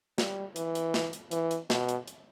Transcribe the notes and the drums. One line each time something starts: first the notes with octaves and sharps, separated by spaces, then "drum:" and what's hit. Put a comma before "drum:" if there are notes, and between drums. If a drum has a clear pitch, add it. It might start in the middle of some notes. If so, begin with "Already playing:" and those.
G3, drum: snare
E3, drum: hi-hat
drum: hi-hat
drum: snare
drum: hi-hat
E3, drum: hi-hat
drum: hi-hat
B2, drum: snare
drum: hi-hat
drum: hi-hat